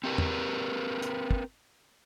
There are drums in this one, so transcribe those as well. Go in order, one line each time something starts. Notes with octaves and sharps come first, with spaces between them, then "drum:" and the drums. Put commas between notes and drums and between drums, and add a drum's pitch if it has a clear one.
C4 G4 A#4 B4
drum: tom
drum: hi-hat
drum: kick